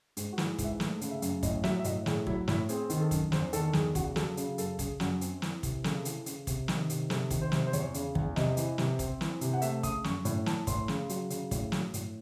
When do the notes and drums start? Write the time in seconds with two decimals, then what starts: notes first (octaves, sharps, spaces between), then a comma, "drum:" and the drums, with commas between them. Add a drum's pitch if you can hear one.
0.17 G#2, drum: hi-hat
0.33 F#4
0.38 E3, drum: snare
0.59 G#2, drum: kick, hi-hat
0.64 E5
0.80 A3, drum: snare
1.01 C#3, drum: hi-hat
1.11 E5
1.22 F#2, drum: hi-hat
1.43 A2 D#5, drum: kick, hi-hat
1.64 F#3 E5, drum: snare
1.79 E5
1.84 A2 D#5, drum: hi-hat
2.06 A2 G#4, drum: snare
2.27 F#3 E4, drum: kick
2.48 A2 E4, drum: snare
2.69 C4 G#4, drum: hi-hat
2.90 D#3, drum: hi-hat
3.00 A4
3.11 F#2, drum: kick, hi-hat
3.32 E2 C5, drum: snare
3.53 D#3 A4, drum: hi-hat
3.73 E2 G#4, drum: snare
3.95 C#3 F#4, drum: kick, hi-hat
4.16 F#3 A4, drum: snare
4.37 C#3, drum: hi-hat
4.58 F#2 A4, drum: hi-hat
4.79 C#3 G#4, drum: kick, hi-hat
5.00 F#2 F#4, drum: snare
5.21 C4, drum: hi-hat
5.42 E3, drum: snare
5.63 C3, drum: kick, hi-hat
5.84 C#3 A4, drum: snare
6.05 E3, drum: hi-hat
6.26 C#3, drum: hi-hat
6.47 C3, drum: kick, hi-hat
6.68 D#3, drum: snare
6.90 C3, drum: hi-hat
7.10 C3 A4, drum: snare
7.31 D#3, drum: kick, hi-hat
7.42 C5
7.52 C3, drum: snare
7.67 C5
7.73 E2 C#5, drum: hi-hat
7.94 C#3, drum: hi-hat
8.15 E2, drum: kick
8.36 C3 D#5, drum: snare
8.57 E3, drum: hi-hat
8.78 C3, drum: snare
8.99 C4, drum: kick, hi-hat
9.21 E3, drum: snare
9.41 C3, drum: hi-hat
9.53 F#5
9.62 A3 E5, drum: hi-hat
9.83 C#3 D#6, drum: kick, hi-hat
10.04 F#2 C#6, drum: snare
10.25 A2, drum: hi-hat
10.46 E3 A5, drum: snare
10.67 A2 C6, drum: kick, hi-hat
10.88 C#3, drum: snare
11.09 F#3, drum: hi-hat
11.30 C#3, drum: hi-hat
11.51 A2, drum: kick, hi-hat
11.72 F#3, drum: snare
11.94 A2, drum: hi-hat